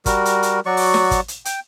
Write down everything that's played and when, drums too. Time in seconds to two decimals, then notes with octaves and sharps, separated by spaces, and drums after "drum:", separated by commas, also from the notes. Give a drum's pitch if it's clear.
0.06 G3 F#4 A#4, drum: kick, hi-hat
0.25 drum: hi-hat
0.43 drum: hi-hat
0.66 F#3 F#4 D5 C#6
0.77 drum: open hi-hat
0.94 drum: snare
1.11 drum: kick, hi-hat
1.28 drum: hi-hat
1.45 G5, drum: hi-hat